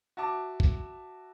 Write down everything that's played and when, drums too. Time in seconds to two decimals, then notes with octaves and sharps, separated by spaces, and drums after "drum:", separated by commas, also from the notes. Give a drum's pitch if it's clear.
0.17 F#4 E5 A5 D6
0.60 drum: kick